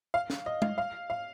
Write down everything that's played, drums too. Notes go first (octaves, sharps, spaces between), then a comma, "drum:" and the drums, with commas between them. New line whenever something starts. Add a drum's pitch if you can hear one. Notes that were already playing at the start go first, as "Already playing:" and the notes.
F5
drum: snare
D#5
F5, drum: tom
F5
F5